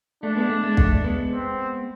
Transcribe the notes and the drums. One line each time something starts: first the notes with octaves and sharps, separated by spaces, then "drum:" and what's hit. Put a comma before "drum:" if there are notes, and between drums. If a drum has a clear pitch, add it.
A3 D4
G#3 B3
A3
G#3
A3, drum: kick
G#3 B3
C4